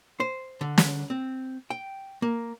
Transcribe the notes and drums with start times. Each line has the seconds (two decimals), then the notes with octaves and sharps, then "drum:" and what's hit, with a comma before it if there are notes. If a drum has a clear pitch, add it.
0.20 C5
0.61 D3
0.78 drum: snare
1.10 C4
1.70 G5
2.22 A#3